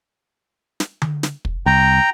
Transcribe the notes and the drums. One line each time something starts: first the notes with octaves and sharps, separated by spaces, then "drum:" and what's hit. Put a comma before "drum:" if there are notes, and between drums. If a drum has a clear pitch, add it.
drum: snare
drum: tom D3
drum: snare
drum: kick
C2 G5 A#5